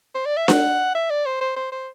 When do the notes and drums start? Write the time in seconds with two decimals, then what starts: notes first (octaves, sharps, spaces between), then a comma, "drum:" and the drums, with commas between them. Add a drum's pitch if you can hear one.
0.15 C5
0.26 D5
0.37 E5
0.48 F#5, drum: snare D4
0.95 E5
1.10 D5
1.26 C5
1.41 C5
1.56 C5
1.72 C5